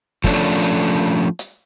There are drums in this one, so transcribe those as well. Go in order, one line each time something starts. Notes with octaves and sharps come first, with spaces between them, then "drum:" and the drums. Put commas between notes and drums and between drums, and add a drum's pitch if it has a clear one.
F3 A3 C#4 D4, drum: kick
drum: hi-hat
drum: hi-hat